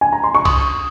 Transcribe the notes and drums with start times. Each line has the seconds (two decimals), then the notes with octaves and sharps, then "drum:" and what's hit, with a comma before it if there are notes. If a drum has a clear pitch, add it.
0.01 G#5
0.13 A#5
0.24 C6
0.35 C#6
0.45 D#6, drum: kick C2, cymbal